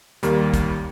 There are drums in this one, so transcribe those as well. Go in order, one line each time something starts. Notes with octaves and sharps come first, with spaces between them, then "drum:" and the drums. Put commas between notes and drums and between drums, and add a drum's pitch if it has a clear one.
D#2 D#3 G3 A#3, drum: hi-hat
drum: kick, hi-hat